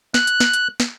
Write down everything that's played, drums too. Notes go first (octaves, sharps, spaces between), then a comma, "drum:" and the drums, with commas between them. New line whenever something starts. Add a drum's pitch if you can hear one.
F#6, drum: snare
drum: hi-hat
drum: snare
drum: hi-hat
drum: snare